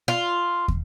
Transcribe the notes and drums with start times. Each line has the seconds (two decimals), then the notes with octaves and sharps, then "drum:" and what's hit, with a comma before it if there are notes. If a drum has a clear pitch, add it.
0.08 F4
0.68 drum: kick